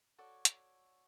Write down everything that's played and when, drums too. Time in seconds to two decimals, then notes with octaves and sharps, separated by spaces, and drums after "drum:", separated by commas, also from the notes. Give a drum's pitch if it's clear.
0.18 F#4 A4 C#5 D5
0.45 drum: hi-hat